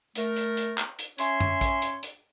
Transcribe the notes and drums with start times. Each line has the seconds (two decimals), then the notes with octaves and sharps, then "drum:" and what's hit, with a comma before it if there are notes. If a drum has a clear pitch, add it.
0.15 A3 A#4, drum: hi-hat
0.36 drum: hi-hat
0.57 drum: hi-hat
0.78 drum: clap
0.99 drum: hi-hat
1.18 C#4 C#5 E5 G#5 C6, drum: hi-hat
1.40 drum: tom F#2
1.61 drum: kick, hi-hat
1.82 drum: hi-hat
2.03 drum: hi-hat